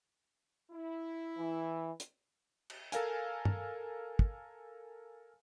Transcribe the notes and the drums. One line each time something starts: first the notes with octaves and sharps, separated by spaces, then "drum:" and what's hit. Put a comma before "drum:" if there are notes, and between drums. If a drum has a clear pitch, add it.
E4
E3
drum: hi-hat
drum: cymbal
A4 A#4 F5 G#5, drum: hi-hat
drum: tom
drum: kick